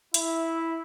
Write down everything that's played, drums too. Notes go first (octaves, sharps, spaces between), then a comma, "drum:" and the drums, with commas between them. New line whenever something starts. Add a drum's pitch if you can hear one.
E4 E5, drum: hi-hat